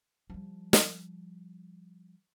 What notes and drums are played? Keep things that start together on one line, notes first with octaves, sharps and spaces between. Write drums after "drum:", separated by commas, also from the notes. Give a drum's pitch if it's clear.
F3 G3
drum: snare